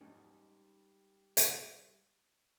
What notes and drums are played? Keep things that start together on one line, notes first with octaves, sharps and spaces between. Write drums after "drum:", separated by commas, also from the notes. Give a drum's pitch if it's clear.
G3 G#3 C#4 D#4
drum: hi-hat